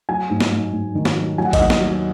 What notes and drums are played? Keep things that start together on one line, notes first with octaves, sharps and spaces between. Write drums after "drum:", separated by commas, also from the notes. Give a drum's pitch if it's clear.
F#3 G#5
G#2
drum: snare
G#2
G#2
D#3
drum: snare
F#3
F#3 G#5
F#5
D#5, drum: kick A1, cymbal
D#2 F#5
drum: snare
F#3